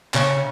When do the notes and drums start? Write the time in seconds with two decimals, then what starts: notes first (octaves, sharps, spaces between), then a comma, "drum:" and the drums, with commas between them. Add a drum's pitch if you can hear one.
0.14 C#3, drum: clap